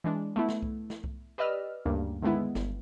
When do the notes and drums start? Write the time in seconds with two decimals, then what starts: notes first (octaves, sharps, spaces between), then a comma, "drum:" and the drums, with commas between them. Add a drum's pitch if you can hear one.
0.04 E3 G#3 D4
0.36 A3 B3 E4
0.49 drum: snare
0.62 drum: kick C2
0.90 drum: snare
1.04 drum: kick C2
1.38 G4 B4 D5 D#5 E6 F6
1.85 D2 G2 C#3 A#3
2.22 D3 D#3 G#3 B3 E4
2.55 G1, drum: snare